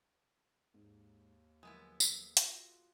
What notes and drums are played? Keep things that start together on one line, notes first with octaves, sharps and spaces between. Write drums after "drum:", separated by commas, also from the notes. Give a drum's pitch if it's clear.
D#2 G#2
D3 F3 F#3 G#3 B3 E4 A#4 G#5
drum: tambourine
F4 F#4, drum: hi-hat